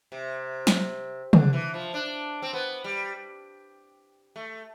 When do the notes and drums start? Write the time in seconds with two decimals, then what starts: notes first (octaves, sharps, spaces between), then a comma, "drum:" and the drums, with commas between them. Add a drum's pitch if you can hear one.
0.12 C3
0.67 drum: snare F#3
1.33 D3, drum: tom
1.53 E3
1.74 F3
1.94 D4
2.42 C4
2.53 B3
2.84 G3
4.36 A3